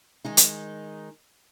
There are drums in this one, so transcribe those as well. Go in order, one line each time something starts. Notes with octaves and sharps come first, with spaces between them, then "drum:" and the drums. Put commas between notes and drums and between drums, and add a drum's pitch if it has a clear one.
D#3 G#3 D#4
drum: hi-hat